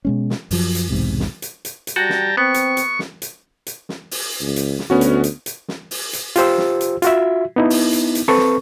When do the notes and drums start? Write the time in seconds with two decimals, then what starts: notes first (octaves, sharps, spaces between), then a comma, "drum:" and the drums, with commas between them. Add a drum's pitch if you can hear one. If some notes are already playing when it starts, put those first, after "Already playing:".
0.05 B2 G#3 C#4
0.30 drum: snare
0.51 F#2 F3 F#3, drum: open hi-hat
0.75 drum: hi-hat
0.90 B1 E2 G#2 C3
1.20 drum: snare
1.42 drum: hi-hat
1.65 drum: hi-hat
1.87 drum: hi-hat
1.96 G3 F#4 G5 A5 A#5
2.10 drum: snare
2.37 B3 C4 C#6
2.54 drum: hi-hat
2.77 drum: hi-hat
2.99 drum: snare
3.22 drum: hi-hat
3.67 drum: hi-hat
3.89 drum: snare
4.11 drum: open hi-hat
4.41 C#2
4.56 drum: hi-hat
4.79 drum: snare
4.90 D2 B3 C#4 F#4
5.01 drum: hi-hat
5.24 drum: hi-hat
5.46 drum: hi-hat
5.68 drum: snare
5.91 drum: open hi-hat
6.13 drum: hi-hat
6.36 F4 G4 C5 E6, drum: hi-hat
6.58 drum: snare
6.81 drum: hi-hat
7.02 F4 F#4 E5, drum: hi-hat
7.56 B3 D#4 E4
7.70 drum: open hi-hat
7.93 drum: hi-hat
8.15 drum: hi-hat
8.28 C4 A4 B4 C#6
8.38 drum: snare